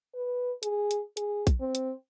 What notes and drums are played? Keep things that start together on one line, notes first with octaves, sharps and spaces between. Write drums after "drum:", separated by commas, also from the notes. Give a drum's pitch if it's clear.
B4
G#4, drum: hi-hat
drum: hi-hat
G#4, drum: hi-hat
drum: kick A#1, hi-hat
C4
drum: hi-hat